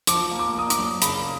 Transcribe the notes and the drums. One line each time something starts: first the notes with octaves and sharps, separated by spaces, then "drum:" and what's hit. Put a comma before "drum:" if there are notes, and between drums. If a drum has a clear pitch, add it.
F3 D6, drum: hi-hat
A#3
D6
A#3 D#6
D6, drum: hi-hat
F#2
C#3 B5, drum: hi-hat